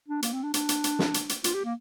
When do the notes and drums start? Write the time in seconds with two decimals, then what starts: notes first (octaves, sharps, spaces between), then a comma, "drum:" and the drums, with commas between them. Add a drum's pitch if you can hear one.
0.09 D4
0.23 A#3, drum: hi-hat
0.33 C4
0.43 D4
0.54 D4, drum: hi-hat
0.69 drum: hi-hat
0.84 drum: hi-hat
0.99 drum: snare
1.14 drum: hi-hat
1.29 drum: hi-hat
1.44 F4, drum: hi-hat
1.54 G4
1.65 A#3